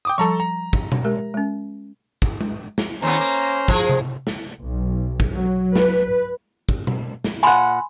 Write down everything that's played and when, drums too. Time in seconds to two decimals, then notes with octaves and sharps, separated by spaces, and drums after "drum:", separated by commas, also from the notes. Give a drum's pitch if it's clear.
0.05 G5 D6 D#6
0.18 F3 G3 A4 A5 A#5 C#6
0.40 A#5
0.73 drum: kick
0.92 drum: tom B2
1.05 G#3 G4 A#4
1.34 G#3 C#4
2.22 drum: kick
2.41 drum: tom G#3
2.78 drum: snare
3.02 D#2 B3 C#4 C5 A#5
3.20 A#3
3.68 F3 G#4, drum: kick
3.89 drum: tom C3
4.27 drum: snare
4.63 B1
5.20 drum: kick
5.33 F#3
5.76 B4, drum: snare
6.69 drum: kick
6.87 drum: tom B2
7.24 drum: snare
7.43 A#2 F#5 G#5 B5 C6